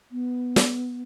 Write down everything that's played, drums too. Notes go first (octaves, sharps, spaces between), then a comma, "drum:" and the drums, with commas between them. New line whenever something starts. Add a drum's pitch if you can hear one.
B3
drum: snare